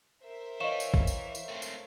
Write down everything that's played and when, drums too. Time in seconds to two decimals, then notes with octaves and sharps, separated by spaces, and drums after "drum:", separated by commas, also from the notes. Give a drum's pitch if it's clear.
0.24 A#4 C5 E5
0.60 E3 C#5 D#5 F5 C#6 E7
0.80 drum: tambourine
0.94 drum: kick
1.07 drum: tambourine
1.35 drum: tambourine
1.48 A3 C4
1.62 drum: tambourine